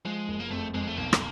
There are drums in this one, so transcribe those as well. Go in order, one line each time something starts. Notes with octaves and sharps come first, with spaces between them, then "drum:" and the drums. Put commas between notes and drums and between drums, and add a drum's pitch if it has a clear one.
F3 G#3
F#1
A#3
F2 A3
F2 G#3
A3
B1 A#3
drum: rim click